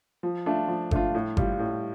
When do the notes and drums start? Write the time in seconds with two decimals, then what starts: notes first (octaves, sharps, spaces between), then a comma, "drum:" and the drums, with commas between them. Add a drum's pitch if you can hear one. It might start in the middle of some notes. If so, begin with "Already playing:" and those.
0.23 F3
0.46 A3 D4 F4
0.68 F3
0.91 A3 D4 F4, drum: kick G1
1.15 A2
1.37 G3 F4, drum: kick G1
1.59 A2